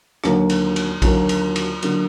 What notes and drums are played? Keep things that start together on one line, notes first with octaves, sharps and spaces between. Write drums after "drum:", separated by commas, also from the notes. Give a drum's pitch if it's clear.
D#2 D3 F#3 A#3, drum: rim click
drum: cymbal
drum: cymbal
D#2 D3 F#3 A#3, drum: kick A#1, cymbal
drum: cymbal
drum: cymbal
D3 F#3 A#3, drum: cymbal